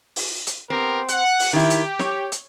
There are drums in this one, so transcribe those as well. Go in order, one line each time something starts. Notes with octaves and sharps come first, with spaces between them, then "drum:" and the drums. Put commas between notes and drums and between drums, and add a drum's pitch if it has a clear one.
drum: open hi-hat
drum: hi-hat
B3 C4 G4 A#4
F#5, drum: hi-hat
drum: open hi-hat
D#3 E4 G4
drum: hi-hat
C#5, drum: snare
drum: hi-hat